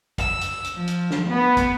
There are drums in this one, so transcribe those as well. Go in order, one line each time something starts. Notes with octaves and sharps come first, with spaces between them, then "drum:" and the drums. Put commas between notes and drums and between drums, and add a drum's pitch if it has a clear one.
E6, drum: kick, hi-hat
drum: hi-hat
drum: hi-hat
F3
drum: hi-hat
drum: snare
B3
drum: kick, hi-hat